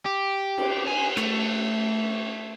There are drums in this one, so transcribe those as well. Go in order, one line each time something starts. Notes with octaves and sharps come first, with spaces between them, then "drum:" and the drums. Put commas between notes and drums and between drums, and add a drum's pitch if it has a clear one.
G4
drum: cymbal
G#5
A3, drum: rim click